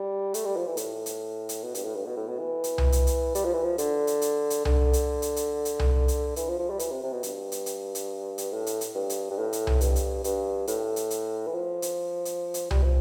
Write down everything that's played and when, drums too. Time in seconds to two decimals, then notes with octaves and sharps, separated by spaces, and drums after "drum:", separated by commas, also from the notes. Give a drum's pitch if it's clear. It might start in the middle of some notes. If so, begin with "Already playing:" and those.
Already playing: G3
0.34 A3, drum: hi-hat
0.45 G3
0.56 F3
0.66 E3
0.77 A2, drum: hi-hat
1.06 drum: hi-hat
1.49 drum: hi-hat
1.63 B2
1.75 G2, drum: hi-hat
1.85 A2
1.95 G2
2.06 B2
2.16 A2
2.28 B2
2.39 E3
2.64 drum: hi-hat
2.78 drum: tom C2
2.92 drum: hi-hat
3.07 drum: hi-hat
3.35 G3, drum: hi-hat
3.45 F3
3.54 E3
3.64 F3
3.78 D3, drum: hi-hat
4.07 drum: hi-hat
4.22 drum: hi-hat
4.50 drum: hi-hat
4.65 D3, drum: tom C2
4.93 drum: hi-hat
5.22 drum: hi-hat
5.36 drum: hi-hat
5.65 drum: hi-hat
5.79 drum: tom C2
6.08 drum: hi-hat
6.36 E3, drum: hi-hat
6.48 F3
6.59 F3
6.70 G3
6.79 E3, drum: hi-hat
6.91 C3
7.03 C3
7.12 B2
7.23 G2, drum: hi-hat
7.52 drum: hi-hat
7.66 drum: hi-hat
7.95 drum: hi-hat
8.38 drum: hi-hat
8.53 A2
8.66 drum: hi-hat
8.81 drum: hi-hat
8.95 G2
9.10 drum: hi-hat
9.30 G2
9.38 A2
9.53 drum: hi-hat
9.67 drum: tom C2
9.81 G2, drum: hi-hat
9.96 drum: hi-hat
10.24 G2, drum: hi-hat
10.67 A2, drum: hi-hat
10.96 drum: hi-hat
11.10 drum: hi-hat
11.46 E3
11.53 F3
11.82 drum: hi-hat
12.25 drum: hi-hat
12.54 drum: hi-hat
12.71 G3, drum: tom C2
12.83 F3